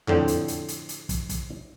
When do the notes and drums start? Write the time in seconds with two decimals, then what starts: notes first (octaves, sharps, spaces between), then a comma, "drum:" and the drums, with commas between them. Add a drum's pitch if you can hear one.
0.07 F2 A2 D3 C4 G5, drum: tom E2
0.28 drum: hi-hat
0.48 drum: hi-hat
0.68 drum: hi-hat
0.89 drum: hi-hat
1.09 drum: kick, hi-hat
1.29 drum: kick, hi-hat